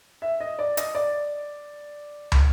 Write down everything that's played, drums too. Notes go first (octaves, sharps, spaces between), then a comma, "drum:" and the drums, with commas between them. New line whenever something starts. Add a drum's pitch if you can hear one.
E5
D#5
D5
D#5, drum: hi-hat
D5
drum: tom